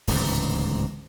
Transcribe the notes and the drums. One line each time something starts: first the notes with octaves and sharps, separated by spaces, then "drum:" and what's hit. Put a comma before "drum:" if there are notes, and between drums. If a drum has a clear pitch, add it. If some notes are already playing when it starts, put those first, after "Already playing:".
D1 C#2 G#2 E3, drum: open hi-hat